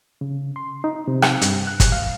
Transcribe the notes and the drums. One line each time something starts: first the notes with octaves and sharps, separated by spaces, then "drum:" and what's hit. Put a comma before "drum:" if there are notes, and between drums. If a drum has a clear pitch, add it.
C#3
C6
D#4
C3
drum: rim click
G2, drum: hi-hat
F#6
drum: kick, hi-hat
F5